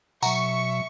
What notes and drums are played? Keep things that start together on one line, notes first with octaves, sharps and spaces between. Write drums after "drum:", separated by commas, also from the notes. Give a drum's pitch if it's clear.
B2 F#3 E5 F#5 A#5 C#6, drum: tambourine